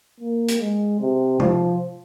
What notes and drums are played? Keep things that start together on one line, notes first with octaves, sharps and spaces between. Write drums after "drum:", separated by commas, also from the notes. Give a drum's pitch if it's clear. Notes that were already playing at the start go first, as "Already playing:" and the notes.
A#3
drum: hi-hat
G#3
C3
F3, drum: tom C3